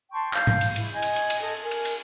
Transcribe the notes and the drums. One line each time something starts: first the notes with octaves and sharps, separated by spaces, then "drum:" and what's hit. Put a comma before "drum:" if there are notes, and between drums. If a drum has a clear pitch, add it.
G5 A5 C6 C#6
F5 G6, drum: clap
drum: tom G#2
drum: cymbal
E4, drum: cymbal
D#5 G#5
drum: cymbal
drum: cymbal
drum: cymbal
A4 D#5
A#4 G#5
drum: cymbal
drum: cymbal